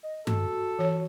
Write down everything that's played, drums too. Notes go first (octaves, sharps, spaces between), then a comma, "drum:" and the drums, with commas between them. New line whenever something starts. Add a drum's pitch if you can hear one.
D#5
F#4 A4, drum: tom G2
E3 C#5